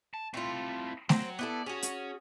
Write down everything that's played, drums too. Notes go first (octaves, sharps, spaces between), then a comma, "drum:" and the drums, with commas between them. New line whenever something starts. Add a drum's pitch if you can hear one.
A5
A3 C4 E4 F4
F#3 C4, drum: snare A3
B3 E4 A4 D5
C#4 F#4 G#4
drum: hi-hat